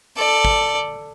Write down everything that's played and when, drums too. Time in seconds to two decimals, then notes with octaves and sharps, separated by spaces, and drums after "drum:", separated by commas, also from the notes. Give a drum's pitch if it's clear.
0.16 A4 D5
0.45 drum: kick